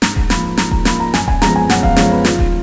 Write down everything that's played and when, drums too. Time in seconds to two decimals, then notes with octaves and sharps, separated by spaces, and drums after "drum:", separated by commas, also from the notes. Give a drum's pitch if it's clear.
0.02 G#2 A#5, drum: snare
0.16 drum: kick D#1
0.30 F3 A#3 F4 B5, drum: snare
0.57 G#2 A#5, drum: snare
0.71 A#5, drum: kick D#1
0.85 F3 A#3 F4 B5, drum: snare
1.00 A#5
1.14 F#2 G#5, drum: snare
1.28 G#5, drum: kick D#1
1.42 F3 G#3 B3 A#5, drum: snare
1.56 G#5
1.70 F#2 F#5, drum: snare
1.83 F5, drum: kick D#1
1.96 F3 G#3 B3 C#5, drum: snare
2.11 B4
2.25 D#3 F4, drum: snare
2.39 drum: kick D#1